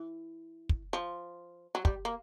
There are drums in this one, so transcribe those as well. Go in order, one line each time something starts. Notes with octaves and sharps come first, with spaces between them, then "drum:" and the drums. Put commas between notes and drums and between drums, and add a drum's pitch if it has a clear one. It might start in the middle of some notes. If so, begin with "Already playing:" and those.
Already playing: E3
drum: kick
F3
F#3
G3, drum: kick
A#3